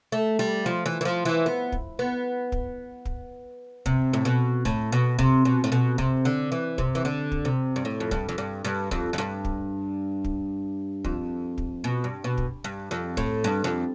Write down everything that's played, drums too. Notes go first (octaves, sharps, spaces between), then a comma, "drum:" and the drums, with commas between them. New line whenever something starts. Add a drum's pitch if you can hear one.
A3
G3
F3
E3
E3
F3
E3
B3
drum: kick
B3
drum: kick
drum: kick
C3, drum: kick
A2
B2
A2, drum: kick
B2
C3, drum: kick
B2
A2
B2
C3, drum: kick
D3
E3
C3, drum: kick
E3
D3
drum: kick
C3
G2
A2
F2
G2, drum: kick
F2
G2
G2
F2, drum: kick
F2
G2
drum: kick
drum: kick
F2, drum: kick
drum: kick
B2
G2
B2
drum: kick
G2
F2
A2, drum: kick
G2
F2